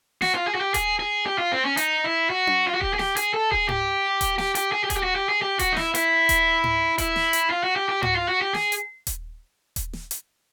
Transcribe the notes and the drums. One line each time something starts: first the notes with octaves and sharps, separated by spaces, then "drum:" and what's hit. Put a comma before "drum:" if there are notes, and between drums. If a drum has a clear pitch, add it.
F#4, drum: snare
F4
G#4
F#4
G4
G#4, drum: kick D#1, hi-hat
G#4
G4
F4
C4
C#4
D#4, drum: hi-hat
E4
F#4
drum: tom C#4
F4
F#4
G4, drum: kick D#1
G#4
G4, drum: snare
G#4, drum: hi-hat
A4
G#4, drum: kick D#1
G4, drum: tom G#2
drum: kick D#1, hi-hat
G4, drum: snare
G4, drum: hi-hat
G#4
G4
G#4, drum: kick D#1, hi-hat
G4
F#4
G4
G#4
G4
F#4, drum: kick D#1, hi-hat
D#4
E4, drum: snare
E4, drum: hi-hat
drum: kick D#1, hi-hat
drum: tom G#2
E4, drum: kick D#1, hi-hat
drum: snare
drum: hi-hat
F4
F#4
G4
G4
F#4, drum: tom G#2
F4
F#4
G4
G#4, drum: snare
drum: hi-hat
drum: kick D#1, hi-hat
drum: kick D#1, hi-hat
drum: snare
drum: hi-hat